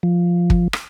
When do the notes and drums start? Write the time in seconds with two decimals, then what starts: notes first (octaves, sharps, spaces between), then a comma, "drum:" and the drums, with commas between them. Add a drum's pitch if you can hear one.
0.03 F3
0.50 drum: kick
0.73 drum: rim click